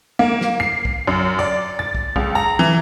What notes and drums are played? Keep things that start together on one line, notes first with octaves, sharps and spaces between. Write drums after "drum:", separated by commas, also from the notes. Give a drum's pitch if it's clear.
A#3
drum: snare
C7
drum: kick
F#2
D5
A6
drum: kick
C#2, drum: kick
A#5
E3